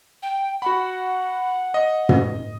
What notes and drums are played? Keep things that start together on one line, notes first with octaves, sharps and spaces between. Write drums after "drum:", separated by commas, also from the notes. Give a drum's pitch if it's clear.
G5
F#4 F#5 B5
D#5
drum: tom